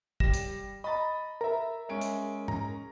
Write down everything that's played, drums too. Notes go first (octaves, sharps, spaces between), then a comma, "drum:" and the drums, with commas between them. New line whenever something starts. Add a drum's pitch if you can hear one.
G3 A#6 E7, drum: kick
drum: hi-hat
D#5 A#5 B5 A6
A#4 E5 A#5
G#3 C#4 D7
drum: hi-hat
A#5, drum: tom G#2